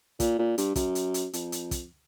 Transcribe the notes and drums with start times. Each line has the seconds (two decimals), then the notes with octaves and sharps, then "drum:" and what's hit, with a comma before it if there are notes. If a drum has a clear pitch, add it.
0.20 A#2, drum: kick, hi-hat
0.39 A#2
0.58 G2, drum: hi-hat
0.76 F#2, drum: kick, hi-hat
0.95 drum: hi-hat
1.14 drum: hi-hat
1.33 F2, drum: hi-hat
1.52 drum: hi-hat
1.71 drum: kick, hi-hat